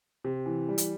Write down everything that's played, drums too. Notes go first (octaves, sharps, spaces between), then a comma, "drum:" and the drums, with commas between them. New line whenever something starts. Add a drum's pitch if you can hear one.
C3
E3
G3
drum: hi-hat